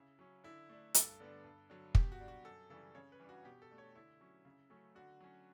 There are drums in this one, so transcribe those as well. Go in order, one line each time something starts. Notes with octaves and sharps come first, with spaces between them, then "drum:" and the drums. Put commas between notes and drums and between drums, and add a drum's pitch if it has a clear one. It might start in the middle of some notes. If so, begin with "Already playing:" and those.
Already playing: C#3 E4
F#3 C#4
D3 E4
A3 D4
G2 A4, drum: hi-hat
D3 G3 B3 D4
G2
D3 F#3
B2 G4, drum: kick
F#4
G3 D4
F#4
F#2 A4
C#3 E3 G3 C#4 A4
C#3 C#5
B4
E3 G3 D4
F#4
B2 G4
A4
A3 D4
C#5
D3 E4
F#3 C#4
C#3
F#3 A3 C#4
D3 F#4
F#3 C#4